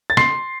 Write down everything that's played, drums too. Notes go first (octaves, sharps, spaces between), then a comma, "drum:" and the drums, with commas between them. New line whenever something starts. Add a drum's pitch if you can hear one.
A6
C6 C7, drum: snare